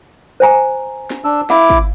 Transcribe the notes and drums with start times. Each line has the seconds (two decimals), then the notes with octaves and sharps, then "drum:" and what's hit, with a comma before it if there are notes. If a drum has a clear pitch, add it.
0.40 C5 G#5 A#5
1.10 drum: snare
1.24 D4 E6
1.50 E4 F5 D6, drum: snare
1.70 drum: kick